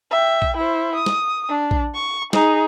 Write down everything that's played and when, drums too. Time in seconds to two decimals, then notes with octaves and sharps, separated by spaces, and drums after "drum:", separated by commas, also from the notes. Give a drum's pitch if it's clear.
0.11 E5 G5
0.42 drum: kick A#1
0.57 E4 C5
0.95 D#6
1.06 drum: snare
1.49 D4
1.71 drum: kick A#1
1.94 C#6
2.33 D#4 G#4, drum: snare